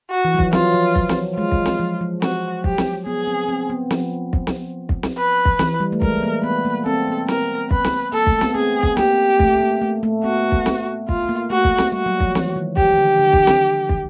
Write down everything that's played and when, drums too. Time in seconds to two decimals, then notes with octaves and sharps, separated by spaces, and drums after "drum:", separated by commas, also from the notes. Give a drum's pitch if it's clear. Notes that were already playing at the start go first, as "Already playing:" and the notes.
0.11 F#4
0.25 E3
0.34 F#3
0.39 F3, drum: kick
0.53 F#3 F4, drum: snare
0.74 F3
0.95 F#3, drum: kick
1.09 drum: snare
1.37 G#3 F4
1.52 drum: kick
1.66 drum: snare
1.79 F3
2.01 F3
2.22 F#4, drum: snare
2.64 F#3 G4, drum: kick
2.78 drum: snare
3.06 B3 G#4
3.27 C4
3.49 C4
3.70 B3
3.91 F3, drum: snare
4.33 drum: kick
4.47 drum: snare
4.89 drum: kick
5.03 drum: snare
5.18 B4
5.45 drum: kick
5.59 E3, drum: snare
5.80 G3
5.92 A3
6.01 G#3 A#4, drum: kick
6.23 A#3
6.43 B3 B4
6.65 A#3
6.86 C4 A4
7.07 B3
7.28 A#4, drum: snare
7.71 B4, drum: kick
7.84 drum: snare
8.13 A#3 A4
8.27 A3, drum: kick
8.41 B3, drum: snare
8.55 C4 G#4
8.83 drum: kick
8.97 A#3 G4, drum: snare
9.39 A3, drum: kick
9.61 A#3
9.82 A3
10.03 A3
10.24 B3 F#4
10.52 drum: kick
10.66 drum: snare
11.09 F4, drum: kick
11.29 A#3
11.50 A3 F#4
11.64 drum: kick
11.78 drum: snare
11.92 G3 F#4
12.06 F#3
12.20 F3, drum: kick
12.35 E3, drum: snare
12.56 D#3
12.77 D#3 G4, drum: kick
12.98 D3
13.19 D3
13.33 drum: kick
13.47 drum: snare
13.89 drum: kick